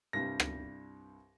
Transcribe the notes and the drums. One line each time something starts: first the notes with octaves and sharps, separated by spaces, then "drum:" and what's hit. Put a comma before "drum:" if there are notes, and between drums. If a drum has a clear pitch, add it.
C2 G2 G3 A#6
drum: rim click